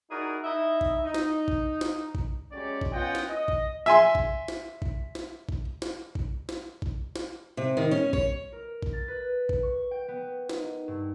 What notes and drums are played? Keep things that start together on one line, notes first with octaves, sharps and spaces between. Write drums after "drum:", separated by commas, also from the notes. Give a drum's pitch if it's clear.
D#4 E4 F#4 G#4 A#4 D5
D#4 E4 D#5 E5
drum: kick
D#4
drum: snare
drum: kick
drum: snare
drum: kick
F#3 G#3 C#4 G4 C#5 D5
drum: kick
B3 C#4 F4 D#5 F#5 G5
drum: snare
D#5
drum: kick
E5 G#5 C6
drum: kick
drum: snare
drum: kick
drum: snare
drum: kick
drum: snare
drum: kick
drum: snare
drum: kick
drum: snare
C3
D#3
C#4
C#5, drum: kick
A#4
drum: kick
A6
B4
drum: kick
C#6
G5
B3
D#4, drum: snare
G2